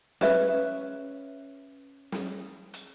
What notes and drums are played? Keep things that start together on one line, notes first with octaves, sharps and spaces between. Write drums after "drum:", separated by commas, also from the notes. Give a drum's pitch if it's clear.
C#4 B4 E5, drum: snare
drum: snare
drum: hi-hat